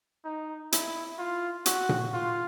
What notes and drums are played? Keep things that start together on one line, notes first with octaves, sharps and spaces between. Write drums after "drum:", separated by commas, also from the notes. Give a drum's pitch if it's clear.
D#4
E4, drum: hi-hat
F4
F#4, drum: hi-hat
drum: tom A#2
F4